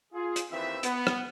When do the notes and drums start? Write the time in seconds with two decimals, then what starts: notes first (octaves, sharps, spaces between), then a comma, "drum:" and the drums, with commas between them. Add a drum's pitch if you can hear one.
0.13 F4 G#4
0.36 drum: hi-hat
0.51 D#2 E3 C4 B4 E5
0.83 B3, drum: hi-hat
1.07 drum: rim click